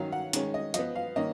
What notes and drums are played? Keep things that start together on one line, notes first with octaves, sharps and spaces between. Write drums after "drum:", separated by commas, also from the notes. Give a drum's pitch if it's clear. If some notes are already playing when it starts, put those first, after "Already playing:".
Already playing: D#3 F#3 C#4 F5
F#5
D#3 G#3 C#4, drum: hi-hat
D#5
F3 B3 D#5, drum: hi-hat
F5
D#3 A#3 C#4 D#5